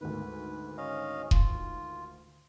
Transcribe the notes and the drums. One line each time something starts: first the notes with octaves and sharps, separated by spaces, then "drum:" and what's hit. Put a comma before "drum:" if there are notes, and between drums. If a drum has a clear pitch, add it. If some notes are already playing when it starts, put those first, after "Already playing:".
D2 G#2 D#3 B4
C#4 D#5 F5
F4, drum: kick E1